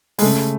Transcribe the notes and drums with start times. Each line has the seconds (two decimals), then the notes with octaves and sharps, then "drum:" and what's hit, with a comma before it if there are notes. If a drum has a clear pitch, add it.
0.18 G#3, drum: open hi-hat
0.22 C#3 A3